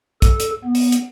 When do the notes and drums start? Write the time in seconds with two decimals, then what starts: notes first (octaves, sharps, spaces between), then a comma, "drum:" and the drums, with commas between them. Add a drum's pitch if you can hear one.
0.22 A4, drum: kick, hi-hat
0.40 drum: hi-hat
0.65 B3
0.75 drum: open hi-hat
0.92 drum: hi-hat